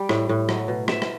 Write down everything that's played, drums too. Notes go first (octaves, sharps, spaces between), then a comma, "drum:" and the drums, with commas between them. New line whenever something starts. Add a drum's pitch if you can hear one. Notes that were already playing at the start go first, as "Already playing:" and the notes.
Already playing: G3 G5
A2, drum: rim click
A2
F#3, drum: rim click
B2
B2 E5, drum: rim click
drum: rim click